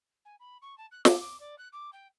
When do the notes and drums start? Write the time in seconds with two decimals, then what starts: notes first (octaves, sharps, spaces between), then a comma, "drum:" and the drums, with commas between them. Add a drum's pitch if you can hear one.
0.25 G#5
0.40 B5
0.62 C#6
0.77 A5
0.91 F#6
1.05 D6, drum: snare
1.20 D6
1.40 D5
1.58 F#6
1.73 D6
1.93 G5